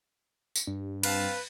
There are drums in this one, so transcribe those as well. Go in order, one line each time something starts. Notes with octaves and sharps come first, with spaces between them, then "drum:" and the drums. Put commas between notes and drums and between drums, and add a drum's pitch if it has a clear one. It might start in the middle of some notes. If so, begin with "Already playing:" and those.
drum: tambourine
G2
C4 B4 F5 A5, drum: cymbal